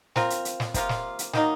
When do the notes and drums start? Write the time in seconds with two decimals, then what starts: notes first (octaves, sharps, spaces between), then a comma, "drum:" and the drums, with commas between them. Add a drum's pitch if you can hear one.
0.16 C4 F4 A#4, drum: snare
0.30 drum: hi-hat
0.45 drum: hi-hat
0.60 drum: snare
0.74 C3 F3 A#3 F4, drum: kick, hi-hat
0.89 drum: snare
1.19 drum: hi-hat
1.33 D#3 F#3 A#3 D#4, drum: snare